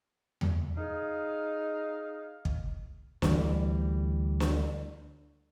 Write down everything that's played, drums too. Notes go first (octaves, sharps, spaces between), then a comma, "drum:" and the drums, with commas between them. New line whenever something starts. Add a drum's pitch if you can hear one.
drum: tom E2
D#4 G#4 F5
drum: kick
D2 E3 G3, drum: snare
drum: snare